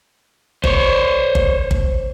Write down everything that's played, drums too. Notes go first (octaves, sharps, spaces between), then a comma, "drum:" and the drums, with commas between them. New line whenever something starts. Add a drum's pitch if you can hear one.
C5 C#5, drum: kick G1
drum: kick G1
drum: kick G1